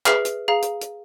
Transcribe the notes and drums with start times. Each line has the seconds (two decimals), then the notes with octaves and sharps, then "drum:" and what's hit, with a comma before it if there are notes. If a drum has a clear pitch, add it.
0.06 G#4 B4 E5 F6 C7, drum: clap
0.25 drum: hi-hat
0.48 G#4 F5 A#5
0.62 drum: hi-hat
0.81 drum: hi-hat